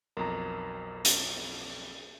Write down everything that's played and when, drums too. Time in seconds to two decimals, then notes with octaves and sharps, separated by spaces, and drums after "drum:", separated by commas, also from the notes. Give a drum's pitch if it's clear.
0.17 B1 F2 A#4 A#5
1.05 drum: hi-hat